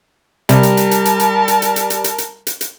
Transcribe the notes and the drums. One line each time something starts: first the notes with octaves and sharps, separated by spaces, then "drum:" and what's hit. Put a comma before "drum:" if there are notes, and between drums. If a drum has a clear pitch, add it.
C3 G3 A#4 A5, drum: hi-hat
drum: hi-hat
drum: hi-hat
drum: hi-hat
drum: hi-hat
drum: hi-hat
drum: hi-hat
drum: hi-hat
drum: hi-hat
drum: hi-hat
drum: hi-hat
drum: hi-hat
drum: hi-hat
drum: hi-hat